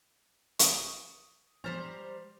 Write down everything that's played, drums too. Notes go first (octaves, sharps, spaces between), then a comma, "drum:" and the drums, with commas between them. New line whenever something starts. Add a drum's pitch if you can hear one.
C#6 D#6, drum: hi-hat
G3 C5 A#5 F6 A6 B6